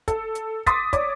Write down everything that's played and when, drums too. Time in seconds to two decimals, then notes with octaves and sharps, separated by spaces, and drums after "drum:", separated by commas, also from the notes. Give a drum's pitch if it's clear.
0.08 A4, drum: kick, hi-hat
0.35 drum: hi-hat
0.66 C6 D6 D#6 A6 B6, drum: kick, hi-hat
0.93 C#5 D5 D6, drum: kick, hi-hat